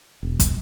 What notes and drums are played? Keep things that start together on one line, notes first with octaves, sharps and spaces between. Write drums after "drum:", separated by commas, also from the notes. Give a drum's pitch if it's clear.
E1
drum: kick, hi-hat